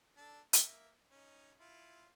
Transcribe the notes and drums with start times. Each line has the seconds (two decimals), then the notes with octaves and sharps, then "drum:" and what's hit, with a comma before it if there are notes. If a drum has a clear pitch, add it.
0.17 D4 A4 A5
0.53 A#3 E5, drum: hi-hat
1.11 C#4 D#4
1.59 E4 F4